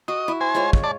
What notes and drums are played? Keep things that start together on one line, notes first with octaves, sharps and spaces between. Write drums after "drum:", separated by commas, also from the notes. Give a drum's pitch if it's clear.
F#4 D#5
E4
C5 G#5
G#3 F4 C#5
drum: kick
D5 A5